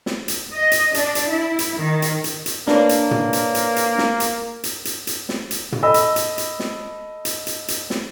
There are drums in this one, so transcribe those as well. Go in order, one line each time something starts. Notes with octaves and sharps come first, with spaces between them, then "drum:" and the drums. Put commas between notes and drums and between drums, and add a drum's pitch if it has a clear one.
drum: snare
drum: hi-hat
D#5
drum: hi-hat
D4, drum: hi-hat
drum: hi-hat
E4
drum: hi-hat
D#3
drum: hi-hat
drum: hi-hat
drum: hi-hat
A#3 D4 B4 C#5, drum: snare
drum: hi-hat
drum: tom
drum: hi-hat
drum: hi-hat
drum: hi-hat
drum: snare
drum: hi-hat
drum: hi-hat
drum: hi-hat
drum: hi-hat
drum: snare
drum: hi-hat
drum: tom
A4 D#5 B5 E6
drum: hi-hat
drum: hi-hat
drum: hi-hat
drum: snare
drum: hi-hat
drum: hi-hat
drum: hi-hat
drum: snare